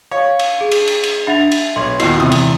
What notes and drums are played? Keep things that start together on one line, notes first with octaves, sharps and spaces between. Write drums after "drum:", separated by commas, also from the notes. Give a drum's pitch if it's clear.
C#5 F5
drum: cymbal
G#4
drum: cymbal
drum: cymbal
drum: cymbal
D4 E5 F#5 A6 F7
drum: cymbal
B1 C#5 C6
D#2 B2 E4 F4, drum: cymbal
E2 C3 D#6
drum: cymbal